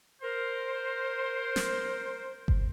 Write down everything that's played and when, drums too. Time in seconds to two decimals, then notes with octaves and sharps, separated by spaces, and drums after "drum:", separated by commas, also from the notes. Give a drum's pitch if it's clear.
0.22 A#4 C5
1.56 drum: snare
2.48 drum: kick G1